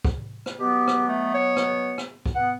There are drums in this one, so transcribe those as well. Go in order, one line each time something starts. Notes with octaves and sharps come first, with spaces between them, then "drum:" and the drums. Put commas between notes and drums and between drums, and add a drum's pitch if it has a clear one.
drum: kick
drum: rim click
B2 F#3 B3 G4
drum: rim click
A3
C#5
drum: rim click
drum: rim click
drum: kick
B3 F#5